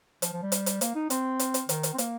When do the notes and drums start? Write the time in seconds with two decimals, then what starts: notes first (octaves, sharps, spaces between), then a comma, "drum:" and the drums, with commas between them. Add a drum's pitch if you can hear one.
0.22 F3, drum: hi-hat
0.33 F3
0.42 G3
0.52 drum: hi-hat
0.66 drum: hi-hat
0.81 A#3, drum: hi-hat
0.95 D#4
1.10 C4, drum: hi-hat
1.39 drum: hi-hat
1.54 drum: hi-hat
1.69 D#3, drum: hi-hat
1.83 drum: hi-hat
1.94 C4
1.98 A#3, drum: hi-hat